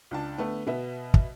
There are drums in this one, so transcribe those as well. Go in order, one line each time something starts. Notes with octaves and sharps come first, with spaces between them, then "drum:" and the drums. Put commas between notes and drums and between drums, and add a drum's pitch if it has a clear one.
C#2 D4 A5
D3 A3 B3
B2 B3 E5
drum: kick